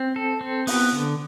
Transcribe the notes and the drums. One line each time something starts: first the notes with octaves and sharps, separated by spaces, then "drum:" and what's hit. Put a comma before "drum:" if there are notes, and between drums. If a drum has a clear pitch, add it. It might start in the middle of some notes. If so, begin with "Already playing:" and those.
Already playing: C4
A4
C4
B3, drum: open hi-hat
D3